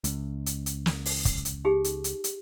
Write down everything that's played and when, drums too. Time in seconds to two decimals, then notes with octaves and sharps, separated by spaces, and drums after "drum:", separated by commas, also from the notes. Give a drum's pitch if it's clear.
0.04 C#2, drum: hi-hat
0.46 drum: hi-hat
0.66 drum: hi-hat
0.86 drum: snare
1.05 drum: open hi-hat
1.25 drum: kick, hi-hat
1.45 drum: hi-hat
1.65 D#4 G4 G#4
1.84 drum: hi-hat
2.04 drum: hi-hat
2.24 drum: hi-hat